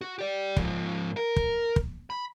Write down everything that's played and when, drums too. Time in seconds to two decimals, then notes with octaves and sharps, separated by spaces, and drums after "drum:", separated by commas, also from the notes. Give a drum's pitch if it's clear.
0.01 F#4
0.18 G4 D5
0.57 G#2 F3, drum: kick
1.17 A#4
1.36 drum: kick
1.76 drum: kick
2.10 B5